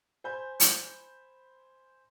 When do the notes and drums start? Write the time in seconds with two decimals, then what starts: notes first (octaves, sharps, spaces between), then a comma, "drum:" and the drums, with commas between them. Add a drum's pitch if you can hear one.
0.24 C5 G#5 B5 G6
0.60 drum: hi-hat